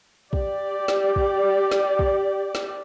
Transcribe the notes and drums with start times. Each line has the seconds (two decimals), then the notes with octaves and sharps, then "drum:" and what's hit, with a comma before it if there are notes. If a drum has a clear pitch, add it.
0.33 G4 D5, drum: kick
0.88 drum: snare
1.16 drum: kick
1.71 drum: snare
1.99 drum: kick
2.55 drum: snare